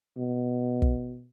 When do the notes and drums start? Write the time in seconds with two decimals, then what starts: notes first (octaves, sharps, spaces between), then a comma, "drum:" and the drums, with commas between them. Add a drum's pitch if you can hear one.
0.17 B2
0.82 drum: kick